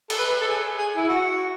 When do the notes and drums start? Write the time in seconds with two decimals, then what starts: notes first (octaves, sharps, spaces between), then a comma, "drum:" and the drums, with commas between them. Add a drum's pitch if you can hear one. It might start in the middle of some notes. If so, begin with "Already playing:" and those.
0.10 A4, drum: cymbal
0.18 B4
0.41 A4
0.47 G#4
0.77 G#4
0.96 E4
1.08 F#4